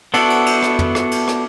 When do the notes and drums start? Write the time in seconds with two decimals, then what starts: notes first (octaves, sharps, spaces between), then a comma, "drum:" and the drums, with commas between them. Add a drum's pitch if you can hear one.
0.14 B3 D4 E4 F#4 A4, drum: cymbal
0.30 drum: cymbal
0.46 drum: cymbal
0.63 drum: rim click
0.79 drum: tom
0.95 drum: rim click
1.11 drum: cymbal
1.28 drum: rim click